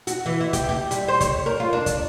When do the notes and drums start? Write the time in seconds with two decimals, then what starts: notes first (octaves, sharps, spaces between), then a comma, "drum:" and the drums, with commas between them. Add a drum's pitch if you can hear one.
0.07 F#4, drum: hi-hat
0.26 E3
0.41 E4
0.53 G4, drum: kick, hi-hat
0.69 G4
0.91 G3, drum: hi-hat
1.08 C5
1.20 C#5, drum: kick, hi-hat
1.46 A#4
1.60 F4
1.73 D4
1.86 drum: kick, hi-hat